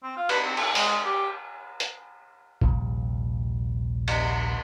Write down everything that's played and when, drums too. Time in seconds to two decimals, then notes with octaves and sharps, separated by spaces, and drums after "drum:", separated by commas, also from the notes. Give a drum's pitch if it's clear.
0.03 C4
0.17 F4
0.29 B4, drum: cymbal
0.45 C4
0.57 A4, drum: cymbal
0.75 G#3, drum: open hi-hat
1.05 G4
1.80 drum: hi-hat
2.61 A#1 D#2 C3 G3, drum: kick
4.08 drum: cymbal